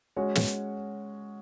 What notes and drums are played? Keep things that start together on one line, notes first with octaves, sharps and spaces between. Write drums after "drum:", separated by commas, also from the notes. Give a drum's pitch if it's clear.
G#3 C#4 F#4 C#5
drum: snare